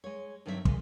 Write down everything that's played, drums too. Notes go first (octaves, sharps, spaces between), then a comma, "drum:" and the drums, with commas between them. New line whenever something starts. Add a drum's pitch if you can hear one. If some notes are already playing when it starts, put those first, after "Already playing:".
G#3 C#5
G2 D#3 F#3 C4 B4 E5
A#2 G#3, drum: kick